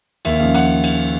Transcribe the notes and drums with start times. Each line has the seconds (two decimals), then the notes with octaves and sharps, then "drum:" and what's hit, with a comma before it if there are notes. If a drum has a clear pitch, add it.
0.25 D#2 E5, drum: cymbal
0.39 C#3 F3 F5
0.54 F#5, drum: cymbal
0.84 drum: cymbal